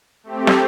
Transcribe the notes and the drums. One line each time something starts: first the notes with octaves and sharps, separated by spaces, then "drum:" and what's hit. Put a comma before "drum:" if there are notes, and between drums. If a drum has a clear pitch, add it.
A3 C4 G4
drum: snare